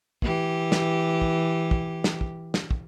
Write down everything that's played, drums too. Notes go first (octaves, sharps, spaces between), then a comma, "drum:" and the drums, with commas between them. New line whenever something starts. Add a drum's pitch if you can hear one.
E3 G4, drum: kick
drum: snare
drum: kick
drum: kick
drum: snare
drum: kick
drum: snare
drum: kick